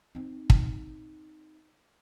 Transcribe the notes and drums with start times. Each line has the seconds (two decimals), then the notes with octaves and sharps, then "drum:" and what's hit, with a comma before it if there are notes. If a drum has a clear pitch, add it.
0.15 C4 D#4
0.50 drum: kick